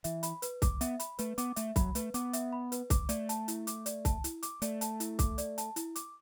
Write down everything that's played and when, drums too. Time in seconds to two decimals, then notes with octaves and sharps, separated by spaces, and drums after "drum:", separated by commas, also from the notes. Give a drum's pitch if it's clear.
0.04 E3 E5, drum: hi-hat
0.23 B5, drum: hi-hat
0.42 B4, drum: hi-hat
0.62 D6, drum: kick C2, hi-hat
0.81 B3 E5, drum: hi-hat
1.00 B5, drum: hi-hat
1.19 A3 B4, drum: hi-hat
1.38 B3 D6, drum: hi-hat
1.56 A3 E5, drum: hi-hat
1.76 F#3 B5, drum: kick C2, hi-hat
1.95 A3 B4, drum: hi-hat
2.14 B3 D6, drum: hi-hat
2.33 E5, drum: hi-hat
2.53 B5
2.72 B4, drum: hi-hat
2.90 D6, drum: kick C2, hi-hat
3.09 A3 D5, drum: hi-hat
3.29 A5, drum: hi-hat
3.48 E4, drum: hi-hat
3.67 D6, drum: hi-hat
3.86 D5, drum: hi-hat
4.05 A5, drum: kick C2, hi-hat
4.24 E4, drum: hi-hat
4.43 D6, drum: hi-hat
4.62 A3 D5, drum: hi-hat
4.81 A5, drum: hi-hat
5.00 E4, drum: hi-hat
5.19 D6, drum: kick C2, hi-hat
5.38 D5, drum: hi-hat
5.58 A5, drum: hi-hat
5.76 E4, drum: hi-hat
5.96 D6, drum: hi-hat